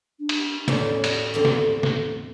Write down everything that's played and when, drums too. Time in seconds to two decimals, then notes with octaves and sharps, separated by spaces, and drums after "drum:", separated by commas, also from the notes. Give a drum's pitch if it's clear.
0.19 D4
0.29 drum: cymbal
0.68 E2 A2 C#4 D5, drum: snare
1.04 F#4 D5 D#5, drum: cymbal
1.34 E2 D3 C4 A4
1.45 drum: snare
1.83 drum: snare